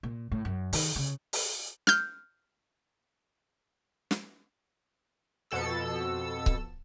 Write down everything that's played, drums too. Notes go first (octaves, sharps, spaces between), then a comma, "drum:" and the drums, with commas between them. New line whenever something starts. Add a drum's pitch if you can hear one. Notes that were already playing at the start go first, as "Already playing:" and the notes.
A#2
A2
F#2
D#3, drum: open hi-hat
C#3
drum: open hi-hat
F6 G6, drum: snare
drum: snare
F2 B2 A4 E6
drum: kick C#1